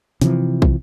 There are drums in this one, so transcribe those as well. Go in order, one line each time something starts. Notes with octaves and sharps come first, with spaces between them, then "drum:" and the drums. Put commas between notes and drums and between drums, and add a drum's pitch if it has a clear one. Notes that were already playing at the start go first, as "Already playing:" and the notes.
C3 E3 F3, drum: snare
drum: kick